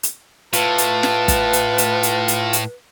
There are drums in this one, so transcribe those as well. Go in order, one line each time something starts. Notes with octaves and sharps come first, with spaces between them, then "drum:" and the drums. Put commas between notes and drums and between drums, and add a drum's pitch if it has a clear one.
drum: hi-hat
A2 F4 B4 A5, drum: hi-hat
drum: hi-hat
drum: snare
drum: kick, hi-hat
drum: hi-hat
drum: hi-hat
drum: hi-hat
drum: hi-hat
drum: hi-hat